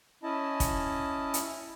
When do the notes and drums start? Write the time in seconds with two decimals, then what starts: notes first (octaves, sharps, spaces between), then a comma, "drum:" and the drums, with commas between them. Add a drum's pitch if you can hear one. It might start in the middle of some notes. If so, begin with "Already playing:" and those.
0.23 C#4 E4 D#5 A5
0.60 drum: kick, hi-hat
1.34 drum: hi-hat